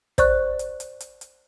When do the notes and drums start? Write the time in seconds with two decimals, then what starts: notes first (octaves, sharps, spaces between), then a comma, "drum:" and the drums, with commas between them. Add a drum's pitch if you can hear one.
0.18 C5 D5 C#6 F#6, drum: kick, hi-hat
0.59 drum: hi-hat
0.80 drum: hi-hat
1.00 drum: hi-hat
1.21 drum: hi-hat